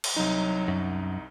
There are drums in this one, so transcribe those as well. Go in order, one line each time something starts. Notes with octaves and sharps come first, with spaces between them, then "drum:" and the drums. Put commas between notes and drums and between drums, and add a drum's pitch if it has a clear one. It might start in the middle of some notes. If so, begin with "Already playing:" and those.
drum: cymbal
C2 F#3 D#4
F#2